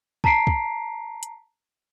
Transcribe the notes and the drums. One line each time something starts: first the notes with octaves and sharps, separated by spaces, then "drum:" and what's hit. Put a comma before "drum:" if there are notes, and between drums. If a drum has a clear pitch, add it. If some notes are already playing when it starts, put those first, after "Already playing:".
A5 A#5 B6 C7 D7, drum: kick
drum: kick
drum: hi-hat